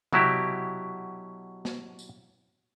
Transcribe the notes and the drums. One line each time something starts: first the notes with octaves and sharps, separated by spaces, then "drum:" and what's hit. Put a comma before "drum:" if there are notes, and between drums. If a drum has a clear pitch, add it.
B2 F#3 E4 G4, drum: tom C3
drum: snare
drum: tambourine